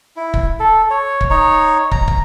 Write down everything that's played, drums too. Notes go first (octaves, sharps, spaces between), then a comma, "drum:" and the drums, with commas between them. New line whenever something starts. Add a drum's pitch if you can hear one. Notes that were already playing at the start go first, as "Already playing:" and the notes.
E4
drum: kick
A4
C#5
drum: kick
D#4 C#5
A#5, drum: kick
drum: kick